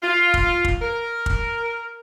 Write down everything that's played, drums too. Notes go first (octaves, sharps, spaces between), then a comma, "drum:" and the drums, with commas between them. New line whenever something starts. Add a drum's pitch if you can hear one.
F4
drum: kick
drum: kick
A#4
drum: kick